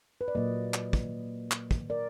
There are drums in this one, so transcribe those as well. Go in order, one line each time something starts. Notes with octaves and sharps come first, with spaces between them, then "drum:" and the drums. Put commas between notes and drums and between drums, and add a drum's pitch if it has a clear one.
B4
D5
A#2 F#3 A#3 B4 D#5
drum: clap
drum: kick
drum: clap
drum: kick
A#4 D5